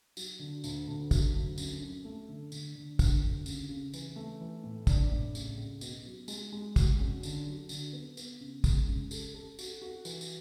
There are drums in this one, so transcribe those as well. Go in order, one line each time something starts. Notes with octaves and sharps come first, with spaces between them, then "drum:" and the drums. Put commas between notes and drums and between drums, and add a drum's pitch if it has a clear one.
F#3, drum: tambourine
D3
D2, drum: tambourine
D2
F#3, drum: kick, tambourine
D2
F#2, drum: tambourine
F#2
A3
D3
D3, drum: tambourine
D3
D2, drum: kick, tambourine
D2
C#3, drum: tambourine
C#3
E3, drum: tambourine
A3
E3
A2
D4, drum: kick, tambourine
A2
C#2, drum: tambourine
C#2
B2, drum: tambourine
F#3
G#3, drum: tambourine
G#3
F#4, drum: kick, tambourine
C#4
D3, drum: tambourine
F#3
D3, drum: tambourine
B3
B3, drum: tambourine
C#3
G#3, drum: kick, tambourine
C#3
A4, drum: tambourine
A4
F#4, drum: tambourine
F#4
E3, drum: tambourine
drum: tambourine